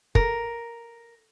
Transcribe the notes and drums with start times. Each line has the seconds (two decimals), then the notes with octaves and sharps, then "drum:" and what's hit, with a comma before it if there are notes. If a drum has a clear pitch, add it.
0.15 A#4, drum: kick